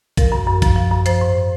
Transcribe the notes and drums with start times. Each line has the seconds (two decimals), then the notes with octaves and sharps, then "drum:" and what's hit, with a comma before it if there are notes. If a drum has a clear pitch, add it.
0.17 F3 A#4, drum: kick A1, hi-hat
0.32 F#2
0.47 F#2
0.62 F3, drum: kick A1, hi-hat
0.76 F3
0.91 F#2
1.06 F3 C5, drum: hi-hat
1.21 G#2